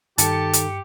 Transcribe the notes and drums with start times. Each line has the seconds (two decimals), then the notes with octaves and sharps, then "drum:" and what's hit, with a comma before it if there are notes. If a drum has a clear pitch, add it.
0.18 G2 D#3 G4 A4 A5 C#7, drum: hi-hat
0.53 drum: hi-hat